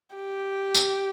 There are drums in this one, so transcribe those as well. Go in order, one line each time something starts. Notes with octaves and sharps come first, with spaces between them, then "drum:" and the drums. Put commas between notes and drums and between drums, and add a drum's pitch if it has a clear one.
G4
drum: tambourine